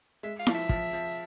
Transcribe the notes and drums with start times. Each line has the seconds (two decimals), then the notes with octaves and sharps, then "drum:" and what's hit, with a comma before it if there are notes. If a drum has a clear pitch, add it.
0.23 G#3 E5
0.39 F5
0.47 F3, drum: snare E4
0.54 E5
0.69 F3, drum: kick
0.93 F3